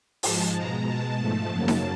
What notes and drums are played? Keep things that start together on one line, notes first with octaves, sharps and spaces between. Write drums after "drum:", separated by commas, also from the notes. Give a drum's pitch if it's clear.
G#2 F3 G#3 A5, drum: open hi-hat
B2 G#3 A#5
B2 G#3 A5
G#2 F3 A3
F#2 C#3 F#3 A#3
drum: snare D#4